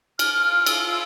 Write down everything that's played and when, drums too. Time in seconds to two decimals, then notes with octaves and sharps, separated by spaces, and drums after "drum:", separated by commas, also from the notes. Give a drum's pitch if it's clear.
0.19 F4 F6, drum: cymbal
0.41 F6
0.60 F6
0.66 E4 E6, drum: cymbal
0.90 E6